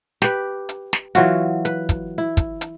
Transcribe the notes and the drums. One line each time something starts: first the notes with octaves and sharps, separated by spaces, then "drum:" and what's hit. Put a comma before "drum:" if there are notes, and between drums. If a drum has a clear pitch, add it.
G4 B4, drum: snare
drum: hi-hat
drum: snare
E3 F#3 F4 F#4, drum: hi-hat
B4, drum: hi-hat
drum: kick, hi-hat
E4
drum: kick, hi-hat
drum: hi-hat